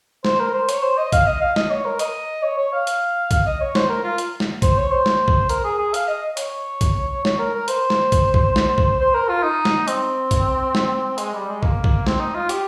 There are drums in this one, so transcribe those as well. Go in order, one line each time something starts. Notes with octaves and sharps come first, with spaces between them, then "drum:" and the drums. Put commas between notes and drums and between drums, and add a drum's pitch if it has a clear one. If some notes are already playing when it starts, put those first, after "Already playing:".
C5, drum: snare
A#4
C5
C#5, drum: hi-hat
C5
D#5
F5, drum: kick, hi-hat
D#5
F5
D#5, drum: snare
C#5
A#4
D#5, drum: hi-hat
C#5
C#5
F5
drum: hi-hat
F5, drum: kick, hi-hat
D#5
C#5
C5, drum: snare
A#4
F4
drum: hi-hat
drum: snare
C5, drum: kick, hi-hat
C#5
C5
drum: snare
drum: kick
A#4, drum: hi-hat
G#4
G#4
F5, drum: hi-hat
D#5
C#5, drum: hi-hat
drum: kick, hi-hat
C#5, drum: snare
A#4
A#4
C5, drum: hi-hat
drum: snare
drum: kick, hi-hat
drum: kick
drum: snare
drum: kick
C5
A#4
F4
D#4
drum: snare
C4, drum: hi-hat
drum: kick, hi-hat
drum: snare
G#3, drum: hi-hat
G3
G#3
A#3, drum: kick
drum: kick
C4, drum: snare
D#4
F4
G4, drum: hi-hat